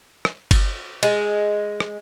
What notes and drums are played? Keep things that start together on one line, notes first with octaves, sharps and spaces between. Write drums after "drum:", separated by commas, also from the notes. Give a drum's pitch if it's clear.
drum: rim click
drum: kick G1, cymbal
G#3, drum: cymbal
drum: rim click